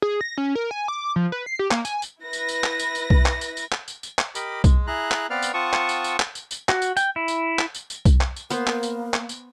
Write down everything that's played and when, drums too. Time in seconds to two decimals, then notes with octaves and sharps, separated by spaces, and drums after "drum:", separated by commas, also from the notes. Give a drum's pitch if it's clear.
0.02 G#4
0.21 A#6
0.38 C#4
0.55 A#4
0.71 G#5
0.88 D6
1.16 F3
1.32 B4
1.46 C7
1.59 G4
1.71 A#3, drum: clap
1.85 G#5, drum: tambourine
2.02 drum: tambourine
2.22 E4 B4 A#6
2.33 drum: tambourine
2.48 drum: tambourine
2.64 drum: clap
2.79 drum: tambourine
2.95 drum: tambourine
3.10 drum: kick B1
3.26 drum: clap
3.41 drum: tambourine
3.57 drum: tambourine
3.72 drum: clap
3.88 drum: tambourine
4.03 drum: tambourine
4.19 drum: clap
4.35 G4 A#4 D#5 B5 D6, drum: tambourine
4.64 G#3, drum: kick B1, tambourine
4.87 E4 G#4 A#5 F#6
5.12 drum: clap
5.30 B3 C4 B4 D5 F5 F6
5.42 drum: tambourine
5.54 C4 F4 F#5 A5 C#6 D#6
5.73 drum: clap
5.89 drum: tambourine
6.04 drum: tambourine
6.20 drum: clap
6.35 drum: tambourine
6.51 drum: tambourine
6.69 F#4, drum: clap
6.82 drum: tambourine
6.97 G5, drum: tambourine
7.16 E4
7.28 drum: tambourine
7.59 drum: clap
7.75 drum: tambourine
7.90 drum: tambourine
8.05 drum: kick B1, tambourine
8.21 drum: clap
8.36 drum: tambourine
8.50 A#3 B3 A#4 C5, drum: tambourine
8.67 drum: clap
8.83 drum: tambourine
9.14 drum: clap
9.29 drum: tambourine